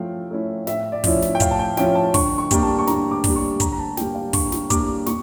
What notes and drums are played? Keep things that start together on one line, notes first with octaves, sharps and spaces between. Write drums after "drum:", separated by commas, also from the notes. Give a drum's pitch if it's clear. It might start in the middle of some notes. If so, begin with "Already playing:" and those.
Already playing: F3 A3 C#4 E4 F5 G5
A3 C#4 E4
A2 E5, drum: snare
D5
F3 C#4 E4, drum: kick, open hi-hat
drum: snare
G5
A2 F5, drum: kick, hi-hat
A5
G5
F3 C#4 E4 G5, drum: snare
A5
D3 C#6, drum: kick, open hi-hat
C#6
G3 A#3 D4 G5, drum: kick, hi-hat
A5
C#6
D3 A#5, drum: snare
D6
G3 A#3 D4, drum: kick, open hi-hat
C#6
D3 A#5, drum: kick, hi-hat
A#5
A5
G3 A#3 D4 G5, drum: snare
F5
D3 C#6, drum: kick, open hi-hat
drum: snare
G3 A#3 D4 D6, drum: kick, hi-hat
A#2 C#6, drum: snare